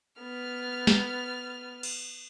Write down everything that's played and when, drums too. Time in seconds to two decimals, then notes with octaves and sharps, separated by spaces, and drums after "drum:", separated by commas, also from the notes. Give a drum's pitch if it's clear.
0.20 B3 F6
0.87 drum: snare
1.83 drum: cymbal